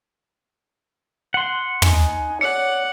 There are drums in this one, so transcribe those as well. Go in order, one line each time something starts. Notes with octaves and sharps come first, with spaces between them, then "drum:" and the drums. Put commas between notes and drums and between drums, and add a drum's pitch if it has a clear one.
F#5 C6
D#4 G#5, drum: tom
C#5 D5 F#5 C#7